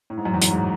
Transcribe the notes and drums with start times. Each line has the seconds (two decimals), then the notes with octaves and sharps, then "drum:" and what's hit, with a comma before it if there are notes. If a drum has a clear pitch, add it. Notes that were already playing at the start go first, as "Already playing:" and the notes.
0.10 A2
0.18 G#2
0.25 F#2
0.34 E2
0.42 F#2, drum: hi-hat
0.51 G#2